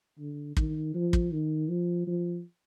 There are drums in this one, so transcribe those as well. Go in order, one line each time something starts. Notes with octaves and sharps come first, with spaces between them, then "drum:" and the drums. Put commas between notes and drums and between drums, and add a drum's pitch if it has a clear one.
D3
D#3, drum: kick
F3
drum: kick
D#3
F3
F3